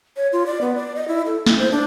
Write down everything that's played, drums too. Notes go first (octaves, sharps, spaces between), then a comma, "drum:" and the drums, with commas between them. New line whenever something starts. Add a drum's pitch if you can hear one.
C#5
F4
D5
B3
D5
D#5
E4
A4
E4, drum: snare
C5
D4